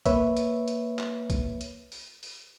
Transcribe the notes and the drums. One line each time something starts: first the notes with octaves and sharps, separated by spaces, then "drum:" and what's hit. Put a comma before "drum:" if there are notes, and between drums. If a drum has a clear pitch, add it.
A#3 B4 C#5 E5, drum: kick, hi-hat
drum: hi-hat
drum: hi-hat
drum: clap
drum: kick, hi-hat
drum: hi-hat
drum: open hi-hat
drum: open hi-hat